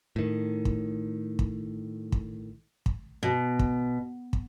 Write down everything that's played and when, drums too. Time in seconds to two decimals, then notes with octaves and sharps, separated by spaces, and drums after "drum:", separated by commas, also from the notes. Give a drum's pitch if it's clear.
0.16 A2 D#3
0.65 drum: kick
1.39 drum: kick
2.12 drum: kick
2.86 drum: kick
3.23 B2
3.59 drum: kick
4.33 drum: kick